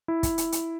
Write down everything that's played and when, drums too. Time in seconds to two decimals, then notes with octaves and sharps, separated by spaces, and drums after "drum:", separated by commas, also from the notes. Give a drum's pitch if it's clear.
0.08 E4
0.23 drum: kick, hi-hat
0.38 drum: hi-hat
0.52 drum: hi-hat